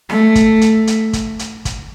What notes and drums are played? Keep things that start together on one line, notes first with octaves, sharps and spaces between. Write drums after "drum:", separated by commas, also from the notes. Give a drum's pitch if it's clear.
A3, drum: snare
drum: kick, hi-hat
drum: hi-hat
drum: hi-hat
drum: kick, hi-hat
drum: hi-hat
drum: kick, hi-hat